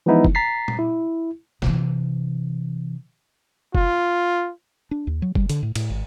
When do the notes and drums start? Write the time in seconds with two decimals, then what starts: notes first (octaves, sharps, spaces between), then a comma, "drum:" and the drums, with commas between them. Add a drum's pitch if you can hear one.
0.06 E3 F3 G#3 B3 D#4 E4
0.25 drum: kick F#1
0.35 A#5 A6 B6 C7
0.68 drum: tom A#2
0.79 E4
1.62 C3 E3, drum: snare
3.75 F4, drum: kick F#1
4.91 D4
5.07 D#2
5.22 F#3
5.35 G3, drum: kick F#1
5.49 D3, drum: hi-hat
5.63 A2
5.75 A2, drum: cymbal
5.90 G#1